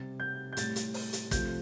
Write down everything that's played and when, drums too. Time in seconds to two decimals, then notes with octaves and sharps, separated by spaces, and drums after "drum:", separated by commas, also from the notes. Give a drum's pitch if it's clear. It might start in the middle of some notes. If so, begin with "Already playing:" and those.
Already playing: C3 G3 A6
0.20 G6
0.53 G6
0.57 A2 G3 A6, drum: hi-hat
0.76 drum: hi-hat
0.94 drum: open hi-hat
1.13 drum: hi-hat
1.31 C3 F3 A3 G6, drum: kick, hi-hat